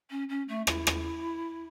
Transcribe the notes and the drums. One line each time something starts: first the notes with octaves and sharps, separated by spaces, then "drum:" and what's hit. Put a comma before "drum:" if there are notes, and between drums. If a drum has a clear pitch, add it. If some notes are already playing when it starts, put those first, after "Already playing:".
C#4
C#4
A3
E4, drum: rim click
drum: rim click